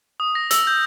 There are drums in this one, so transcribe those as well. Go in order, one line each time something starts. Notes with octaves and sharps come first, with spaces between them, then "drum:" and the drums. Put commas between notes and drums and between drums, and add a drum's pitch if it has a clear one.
D#6
A#6
E6, drum: hi-hat
G6